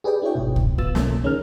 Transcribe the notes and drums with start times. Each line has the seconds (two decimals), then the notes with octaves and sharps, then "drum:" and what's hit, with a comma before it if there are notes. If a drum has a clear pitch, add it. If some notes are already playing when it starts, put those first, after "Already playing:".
0.04 G4 G#4 B4 D5 G5
0.22 D4 E4 F#4 C#5 G5
0.35 G1 G#2 B2
0.56 drum: kick
0.78 B3 F4 E6 A6, drum: kick
0.95 B2 A3 A#3 C#4, drum: snare
1.23 C#2 D#3 C#4 G#4 A#4 F6